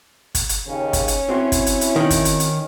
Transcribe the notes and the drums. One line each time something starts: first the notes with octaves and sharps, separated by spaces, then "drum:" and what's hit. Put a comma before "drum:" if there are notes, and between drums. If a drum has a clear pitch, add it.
drum: kick, hi-hat
drum: hi-hat
D#2 C#3 C#4
drum: kick, hi-hat
drum: hi-hat
C4 E4 F#4 C6
drum: kick, hi-hat
drum: hi-hat
drum: hi-hat
D#3
drum: kick, hi-hat
drum: hi-hat
drum: hi-hat